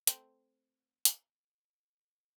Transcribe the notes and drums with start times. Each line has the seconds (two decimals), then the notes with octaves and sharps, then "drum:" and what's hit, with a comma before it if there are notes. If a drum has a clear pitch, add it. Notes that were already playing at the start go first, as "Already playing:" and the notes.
0.07 A3 C4, drum: hi-hat
1.05 drum: hi-hat